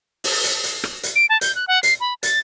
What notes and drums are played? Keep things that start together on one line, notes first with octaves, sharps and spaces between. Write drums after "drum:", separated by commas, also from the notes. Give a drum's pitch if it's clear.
drum: open hi-hat
drum: hi-hat
drum: hi-hat
drum: rim click
drum: hi-hat
D7
A5
G6, drum: hi-hat
F#6
F#5
C7, drum: hi-hat
B5
A6, drum: hi-hat